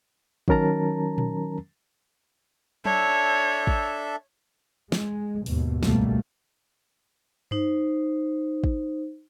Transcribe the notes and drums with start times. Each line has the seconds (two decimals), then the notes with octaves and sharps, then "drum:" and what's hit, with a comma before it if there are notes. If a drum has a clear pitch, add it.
0.48 D#3 F#3 C#4 A#4 A5 A#5, drum: kick
1.18 drum: tom A#2
2.85 D4 A4 C#5 E5, drum: tom F#3
3.67 drum: kick
4.92 G#3, drum: snare
5.46 D#2 G#2 B2, drum: open hi-hat
5.83 G#1 C#2 B2 G3 A3 A#3, drum: snare
7.51 D#4 C5, drum: tom G2
8.64 drum: kick